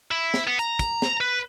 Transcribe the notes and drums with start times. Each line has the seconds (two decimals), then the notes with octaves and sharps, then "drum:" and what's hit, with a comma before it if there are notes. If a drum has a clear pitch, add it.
0.11 E4
0.34 drum: snare
0.47 B3
0.59 A#5, drum: hi-hat
0.79 drum: kick, hi-hat
1.02 drum: snare
1.21 B4